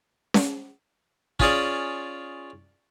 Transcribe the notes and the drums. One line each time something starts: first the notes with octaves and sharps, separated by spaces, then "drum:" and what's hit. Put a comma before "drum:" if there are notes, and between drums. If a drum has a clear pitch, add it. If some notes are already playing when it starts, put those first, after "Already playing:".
drum: snare C#4
C#4 F4 G#4 C#5 D5, drum: kick